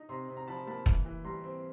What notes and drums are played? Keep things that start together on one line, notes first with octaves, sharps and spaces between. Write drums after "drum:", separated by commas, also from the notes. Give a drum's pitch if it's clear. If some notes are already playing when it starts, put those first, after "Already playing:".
Already playing: D#4
C3 A#5 C6
C3
A#5
F3 A5 B5
A#3 A5 B5
E3, drum: kick
E3
G3 A#5 C6
C4